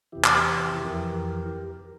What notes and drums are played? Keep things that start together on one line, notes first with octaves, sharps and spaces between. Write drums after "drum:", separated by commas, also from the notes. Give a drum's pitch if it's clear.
E2 C3 E3 E4 G4
drum: clap
F2 E3 G4 A#4